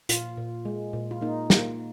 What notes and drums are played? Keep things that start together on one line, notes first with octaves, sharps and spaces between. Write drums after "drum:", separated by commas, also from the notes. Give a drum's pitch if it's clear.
A#2 F4, drum: hi-hat
A#2
G#3
A#2
F4
A#3 D#4
A#3, drum: snare